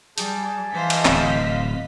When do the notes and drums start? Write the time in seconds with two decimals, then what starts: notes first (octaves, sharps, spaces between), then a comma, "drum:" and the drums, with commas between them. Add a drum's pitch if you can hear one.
0.18 G3 G#4 A5 G6, drum: hi-hat
0.72 E3 C5 D#5 F5 B6
0.90 drum: cymbal
1.05 D1 C4, drum: clap